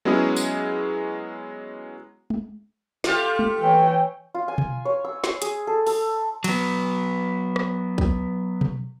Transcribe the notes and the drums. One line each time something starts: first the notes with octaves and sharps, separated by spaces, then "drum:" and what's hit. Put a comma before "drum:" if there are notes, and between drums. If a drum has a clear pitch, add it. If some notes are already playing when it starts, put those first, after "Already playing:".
F#3 G#3 B3 C#4 E4 G#4
drum: tambourine
drum: tom
A3 F4 G4, drum: snare
drum: tom
E3 C#5 G5
F4
G#5
drum: tom
C#5
E6
C6, drum: snare
G#4, drum: hi-hat
A4
A4, drum: open hi-hat
F#3 B3, drum: cymbal
drum: rim click
drum: kick
drum: tom